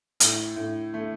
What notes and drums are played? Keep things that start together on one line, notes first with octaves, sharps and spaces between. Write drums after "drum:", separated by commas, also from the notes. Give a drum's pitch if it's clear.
A2, drum: hi-hat
A2
A3